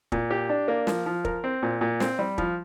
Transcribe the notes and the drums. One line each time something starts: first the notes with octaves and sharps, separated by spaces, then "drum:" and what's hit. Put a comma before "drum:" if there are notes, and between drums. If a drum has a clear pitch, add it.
A#2, drum: kick
G4
D4
A#3
F3, drum: snare
F3
A#4, drum: kick
C4
A#2
A#2
C4, drum: snare
G3
F3, drum: kick